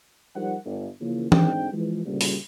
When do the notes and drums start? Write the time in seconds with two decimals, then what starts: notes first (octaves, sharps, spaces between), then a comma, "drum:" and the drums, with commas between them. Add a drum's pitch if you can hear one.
0.35 F3 G3 D#4 A#4 C5 F#5
0.65 G1
1.01 C#3 E3 F3 A#3
1.32 D2 G#2 C4 D4 D#4 G5, drum: tom E3
1.72 E3 F3 G#3
2.06 D2 A#2 C#3 G3
2.21 drum: open hi-hat